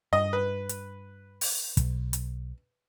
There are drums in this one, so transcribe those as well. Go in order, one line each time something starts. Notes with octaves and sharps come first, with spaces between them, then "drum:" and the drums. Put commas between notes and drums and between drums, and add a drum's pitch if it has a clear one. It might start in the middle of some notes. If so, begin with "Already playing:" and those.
G2 D#5
B4
drum: hi-hat
drum: open hi-hat
B1, drum: kick, hi-hat
drum: hi-hat